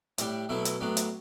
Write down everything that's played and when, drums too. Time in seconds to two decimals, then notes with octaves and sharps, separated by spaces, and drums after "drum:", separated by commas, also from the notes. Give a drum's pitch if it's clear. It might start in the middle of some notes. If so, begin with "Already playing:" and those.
0.18 A2 G3 D4, drum: hi-hat
0.49 B2 F#3 A3 E4
0.65 drum: hi-hat
0.81 A2 F#3 B3 D4
0.97 drum: hi-hat